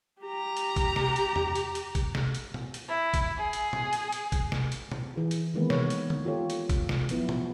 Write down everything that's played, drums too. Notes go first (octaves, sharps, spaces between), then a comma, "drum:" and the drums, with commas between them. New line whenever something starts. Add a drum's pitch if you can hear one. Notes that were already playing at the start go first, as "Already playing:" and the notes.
G4 A#5
drum: hi-hat
drum: kick A1, hi-hat
drum: snare
drum: hi-hat
drum: tom E2
drum: hi-hat
drum: hi-hat
drum: kick A1, hi-hat
drum: snare
drum: hi-hat
drum: tom
drum: hi-hat
E4
drum: kick A1, hi-hat
G#4
drum: hi-hat
drum: tom
drum: hi-hat
drum: hi-hat
drum: kick A1, hi-hat
drum: snare
drum: hi-hat
drum: tom
E3 G#4
drum: hi-hat
D#3 E3 G#3 A#3 B3 B4
C#5, drum: snare
drum: hi-hat
drum: tom D3
F4 G4 A4 C#5
drum: hi-hat
drum: kick A1, hi-hat
drum: snare
F3 F#3 B3 E4, drum: hi-hat
drum: tom